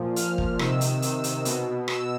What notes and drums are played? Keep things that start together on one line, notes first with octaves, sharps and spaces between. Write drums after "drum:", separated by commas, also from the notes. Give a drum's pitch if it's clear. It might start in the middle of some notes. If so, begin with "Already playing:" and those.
Already playing: A#2 F3
F6, drum: hi-hat
drum: kick
C3 D#3 E6, drum: rim click
drum: hi-hat
drum: hi-hat
drum: hi-hat
B2, drum: hi-hat
E6, drum: rim click